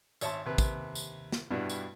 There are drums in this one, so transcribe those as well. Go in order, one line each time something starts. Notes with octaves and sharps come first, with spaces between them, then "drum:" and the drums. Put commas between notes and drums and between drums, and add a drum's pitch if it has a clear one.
G#1 C#5 E5 A5 C6, drum: tambourine
D#2 C3 B4
drum: kick, tambourine
drum: tambourine
drum: snare
G2 B2 G3 D4 E4 F#4
drum: tambourine